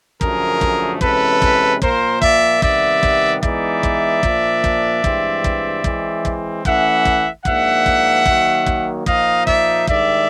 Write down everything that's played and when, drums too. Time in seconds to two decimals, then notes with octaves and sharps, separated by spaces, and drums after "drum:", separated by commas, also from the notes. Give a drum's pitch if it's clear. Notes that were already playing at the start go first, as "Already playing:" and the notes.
0.21 F#2 D3 F3 A3 G#4 A#4, drum: kick
0.61 drum: kick
1.01 C3 E3 G#3 C#4 A4 B4, drum: kick
1.42 drum: kick
1.82 A#2 F3 A#3 A#4 C5, drum: kick
2.22 D5 E5, drum: kick
2.62 C3 D#3 G3 B3 D5 E5, drum: kick
3.03 drum: kick
3.43 E3 G#3 B3 D#4 D5 E5, drum: kick
3.83 drum: kick
4.23 A#2 F3 A#3 D4, drum: kick
4.64 drum: kick
5.04 G2 E3 G#3 C4, drum: kick
5.44 drum: kick
5.84 E3 G#3 C4, drum: kick
6.25 drum: kick
6.65 E3 A3 C#4 E5 F#5, drum: kick
7.05 drum: kick
7.45 G#2 F3 A#3 D4 E5 F#5, drum: kick
7.86 drum: kick
8.26 D#3 F#3 A#3, drum: kick
8.66 drum: kick
9.06 A#2 F3 A#3 D#4 D#5 F5, drum: kick
9.47 D5 E5, drum: kick
9.87 G2 D#3 G#3 D5 E5, drum: kick